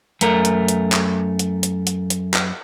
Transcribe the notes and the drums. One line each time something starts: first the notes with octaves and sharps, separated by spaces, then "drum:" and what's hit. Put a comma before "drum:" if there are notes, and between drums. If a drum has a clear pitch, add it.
F#2 A3 A#4, drum: hi-hat
drum: hi-hat
drum: hi-hat
drum: clap
drum: hi-hat
drum: hi-hat
drum: hi-hat
drum: hi-hat
drum: clap